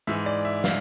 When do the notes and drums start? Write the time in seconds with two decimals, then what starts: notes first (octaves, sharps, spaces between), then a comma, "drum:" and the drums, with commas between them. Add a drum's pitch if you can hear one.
0.07 G#2 E3 E5
0.26 D5
0.45 E5
0.64 F5, drum: snare